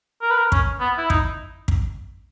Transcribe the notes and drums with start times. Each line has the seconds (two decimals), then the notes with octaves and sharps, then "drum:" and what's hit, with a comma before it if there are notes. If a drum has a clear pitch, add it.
0.22 A#4
0.31 B4
0.38 A#4
0.52 C#4, drum: kick
0.81 B3
0.98 E4
1.10 D#4, drum: kick
1.68 drum: kick